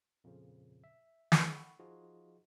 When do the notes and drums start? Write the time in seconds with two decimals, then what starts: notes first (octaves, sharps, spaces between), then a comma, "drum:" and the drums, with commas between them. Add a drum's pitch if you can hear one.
0.24 F2 A#2 C#3 F3
0.84 E5
1.32 G2, drum: snare
1.49 F#5 B5 C#6
1.80 F3 D#4 F4 F#4 G#4 D#5